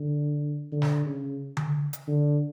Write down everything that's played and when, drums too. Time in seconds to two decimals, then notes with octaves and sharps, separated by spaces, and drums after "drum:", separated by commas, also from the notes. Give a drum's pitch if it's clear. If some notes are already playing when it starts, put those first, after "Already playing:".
Already playing: D3
0.72 D3
0.82 drum: snare
1.06 C#3
1.57 drum: tom D3
1.93 drum: hi-hat
2.08 D3